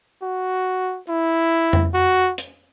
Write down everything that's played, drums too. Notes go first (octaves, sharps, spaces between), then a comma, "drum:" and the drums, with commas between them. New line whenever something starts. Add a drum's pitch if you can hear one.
F#4
E4
drum: tom F2
F#4
drum: hi-hat